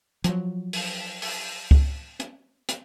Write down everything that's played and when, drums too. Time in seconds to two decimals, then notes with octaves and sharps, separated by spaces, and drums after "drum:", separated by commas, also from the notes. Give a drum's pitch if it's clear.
0.24 F3 F#3, drum: hi-hat
0.73 drum: open hi-hat
1.22 drum: open hi-hat
1.71 drum: kick C#2
2.20 drum: hi-hat
2.69 drum: hi-hat